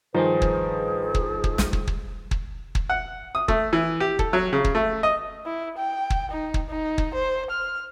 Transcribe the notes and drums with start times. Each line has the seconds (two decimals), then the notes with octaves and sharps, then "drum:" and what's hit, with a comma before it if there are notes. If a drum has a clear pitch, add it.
0.14 G2 D#3 F3 D#4 G#4 B4 C5 G#5
0.42 drum: kick
1.15 drum: kick
1.44 drum: kick
1.58 drum: snare
1.73 drum: kick
1.87 drum: kick
2.31 drum: kick
2.75 drum: kick
2.90 F#5
3.35 D#6
3.48 A3, drum: kick
3.73 E3
4.00 G4
4.19 A4, drum: kick
4.33 F#3
4.53 C#3
4.65 drum: kick
4.75 A3
5.03 D#5
5.45 E4
5.77 G5
6.10 drum: kick
6.31 D#4
6.54 drum: kick
6.69 D#4
6.98 drum: kick
7.14 C5
7.50 F6